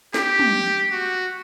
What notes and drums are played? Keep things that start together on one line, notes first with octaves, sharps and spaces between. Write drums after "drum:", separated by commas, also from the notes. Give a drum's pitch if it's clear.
G4, drum: snare
drum: tom
F#4